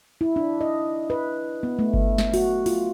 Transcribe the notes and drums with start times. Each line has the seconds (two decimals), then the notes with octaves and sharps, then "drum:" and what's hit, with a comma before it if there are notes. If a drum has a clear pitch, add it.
0.21 E4
0.36 D4
0.61 D#5
1.10 B4
1.63 B3
1.79 A3
1.94 drum: kick G1
2.18 drum: snare
2.34 F#4, drum: open hi-hat
2.66 F4, drum: open hi-hat